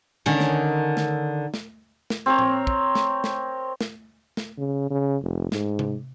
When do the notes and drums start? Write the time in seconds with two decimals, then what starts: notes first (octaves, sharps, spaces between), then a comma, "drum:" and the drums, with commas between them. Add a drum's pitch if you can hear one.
0.26 D3 D#3 C#4
0.40 drum: snare
0.97 drum: snare
1.54 drum: snare
2.10 drum: snare
2.26 C4 A#4 C#5
2.39 drum: tom A2
2.67 drum: kick
2.95 drum: snare
3.24 drum: snare
3.81 drum: snare
4.37 drum: snare
4.58 C#3
4.91 C#3
5.22 F1
5.52 G#2, drum: snare
5.79 drum: tom C3